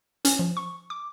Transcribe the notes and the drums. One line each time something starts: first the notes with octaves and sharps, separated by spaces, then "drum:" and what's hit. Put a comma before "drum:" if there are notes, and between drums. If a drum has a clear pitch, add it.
C#4, drum: hi-hat
F3
C#6
D6